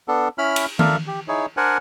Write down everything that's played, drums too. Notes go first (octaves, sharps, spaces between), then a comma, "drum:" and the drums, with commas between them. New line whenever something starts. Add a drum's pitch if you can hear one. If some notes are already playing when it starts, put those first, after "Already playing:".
B3 D4 A4
C#4 E4 B5 F6
drum: cymbal
D4 F4 A4 A#4 E5 F5, drum: tom D#3
G4
D#4 E4 G#4 C#5
D4 A#4 C5 D5 F#5 G#5